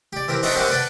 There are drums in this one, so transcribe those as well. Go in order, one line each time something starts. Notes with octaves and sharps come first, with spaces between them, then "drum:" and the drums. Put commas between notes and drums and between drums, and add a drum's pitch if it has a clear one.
G4 D5
E3 C4 G4 A#4
C4 D#4 F#4 E5 G5 A5, drum: open hi-hat
F#2 C4 G4 F#5
B4 D5 F#5 G5 A5